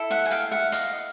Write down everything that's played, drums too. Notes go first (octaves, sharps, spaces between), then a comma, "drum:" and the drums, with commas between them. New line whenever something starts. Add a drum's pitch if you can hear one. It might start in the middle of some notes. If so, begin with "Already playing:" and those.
Already playing: E4 A4
E5 F#5
G#5
F5 G5
E5 F#5
D#5 F5, drum: hi-hat